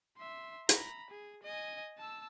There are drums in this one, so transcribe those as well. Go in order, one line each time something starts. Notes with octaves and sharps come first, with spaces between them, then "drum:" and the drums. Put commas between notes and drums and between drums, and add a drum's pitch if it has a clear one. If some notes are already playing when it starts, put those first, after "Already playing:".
E5 C6
A#5 B5, drum: hi-hat
G#4
D#5 G#5
A5 E6